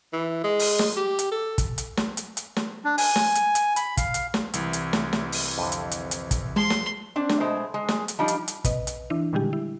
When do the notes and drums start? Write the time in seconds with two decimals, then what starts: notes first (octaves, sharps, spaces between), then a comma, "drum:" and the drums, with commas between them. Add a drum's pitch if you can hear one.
0.13 E3
0.44 G#3
0.59 drum: open hi-hat
0.79 drum: snare
0.97 G4
1.19 drum: hi-hat
1.32 A4
1.58 drum: kick, hi-hat
1.78 drum: hi-hat
1.97 drum: snare
2.17 drum: hi-hat
2.37 drum: hi-hat
2.56 drum: snare
2.85 D4
2.98 G#5, drum: open hi-hat
3.16 drum: snare
3.35 drum: hi-hat
3.55 drum: hi-hat
3.76 B5, drum: hi-hat
3.97 F5, drum: kick, hi-hat
4.14 drum: hi-hat
4.34 drum: snare
4.54 C2 E3, drum: hi-hat
4.73 drum: hi-hat
4.93 drum: snare
5.13 drum: snare
5.32 drum: open hi-hat
5.58 F2 D3
5.72 drum: hi-hat
5.91 drum: hi-hat
6.11 drum: hi-hat
6.31 drum: kick, hi-hat
6.56 F3 G#3 C6
6.70 drum: snare
7.16 C4 D4
7.29 drum: snare
7.40 B2 G#3 A3 C5
7.74 G#3
7.88 drum: snare
8.08 drum: hi-hat
8.19 F3 G3 D4 D#4
8.28 drum: hi-hat
8.48 drum: hi-hat
8.65 A#1 C3 B4 D#5, drum: kick, hi-hat
8.87 drum: hi-hat
9.10 E3 D4 E4
9.33 A#2 D3 D#3 G3 G#3 G4
9.53 E4